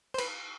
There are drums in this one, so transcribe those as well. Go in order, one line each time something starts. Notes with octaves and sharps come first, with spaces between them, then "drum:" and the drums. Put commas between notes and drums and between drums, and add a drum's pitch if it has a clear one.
C5
B4, drum: cymbal